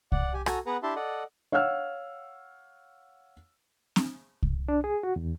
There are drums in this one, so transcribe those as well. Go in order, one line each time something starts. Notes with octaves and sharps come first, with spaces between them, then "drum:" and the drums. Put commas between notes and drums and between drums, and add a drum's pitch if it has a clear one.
D5 F#5, drum: kick C2
G4 G#5
F#4 A4 G#5 A#5, drum: rim click
B3 G#4 B4 F#5 A#5
D4 E4 G4 E5 A5 C6
A4 D5 D#5 F#5
C#5 F5 F#5 E6 F6
drum: snare C4
drum: kick C2
D4
G#4
F#4
E2